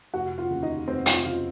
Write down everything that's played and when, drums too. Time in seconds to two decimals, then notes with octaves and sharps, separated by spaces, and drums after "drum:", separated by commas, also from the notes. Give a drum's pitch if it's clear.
0.14 F1 F#4 F#5
0.38 F4 F5
0.50 D#2 C#3
0.63 D#4 D#5
0.88 F1 C4 C5
1.06 F4 F5, drum: hi-hat
1.25 C#3 F4 F5